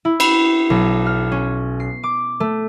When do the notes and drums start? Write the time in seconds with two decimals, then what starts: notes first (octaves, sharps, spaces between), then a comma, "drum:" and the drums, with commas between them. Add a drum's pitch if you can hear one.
0.05 E4
0.20 B5, drum: cymbal
0.70 B1
1.06 F6
1.32 C#4
1.80 C7
2.03 D6
2.40 A3